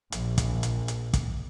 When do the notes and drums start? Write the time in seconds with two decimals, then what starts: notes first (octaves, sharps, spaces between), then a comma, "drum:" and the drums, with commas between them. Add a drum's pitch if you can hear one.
0.12 A#1, drum: hi-hat
0.38 drum: kick, hi-hat
0.63 drum: hi-hat
0.88 drum: hi-hat
1.13 drum: kick, hi-hat